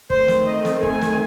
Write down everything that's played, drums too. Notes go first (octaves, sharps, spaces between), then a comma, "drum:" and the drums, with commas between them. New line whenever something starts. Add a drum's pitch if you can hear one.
D#3 A3 C4 C5, drum: kick
drum: snare
D#5
drum: snare
G#5, drum: kick
drum: snare